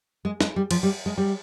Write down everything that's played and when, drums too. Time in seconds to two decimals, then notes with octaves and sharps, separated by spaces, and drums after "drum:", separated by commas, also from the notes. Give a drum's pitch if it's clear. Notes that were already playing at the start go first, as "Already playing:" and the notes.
0.25 G#3
0.41 G#3, drum: snare
0.56 G3
0.71 F3, drum: cymbal
0.83 G3
1.06 G#3
1.18 G3